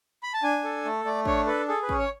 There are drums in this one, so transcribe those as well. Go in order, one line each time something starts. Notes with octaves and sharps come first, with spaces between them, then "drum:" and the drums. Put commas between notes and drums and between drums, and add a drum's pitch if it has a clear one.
B5
A5
D4 G#5
A4
A3
A3 D5
D4 C#5, drum: kick
A4 B4
G#4 A4
B4
C#4, drum: kick
C#5